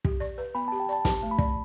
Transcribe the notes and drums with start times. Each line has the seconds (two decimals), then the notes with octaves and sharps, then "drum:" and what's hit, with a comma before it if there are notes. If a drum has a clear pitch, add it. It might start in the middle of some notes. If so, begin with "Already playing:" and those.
0.05 G4, drum: kick
0.20 D5
0.38 B4
0.55 B3 B5
0.68 A5
0.72 G4
0.80 G5
0.89 D5 A5
1.05 G4 A5, drum: snare
1.22 A3
1.31 B5
1.38 D5, drum: kick